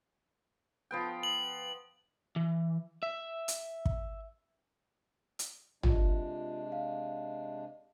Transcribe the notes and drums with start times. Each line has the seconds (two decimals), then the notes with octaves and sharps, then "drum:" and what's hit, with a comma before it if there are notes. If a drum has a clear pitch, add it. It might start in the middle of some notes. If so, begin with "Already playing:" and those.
0.91 F3 B3 G5
1.23 F#7
2.36 E3
3.03 E5
3.48 drum: hi-hat
3.86 drum: kick
5.39 drum: hi-hat
5.83 C3 G#3 D4 F4, drum: tom
6.72 F5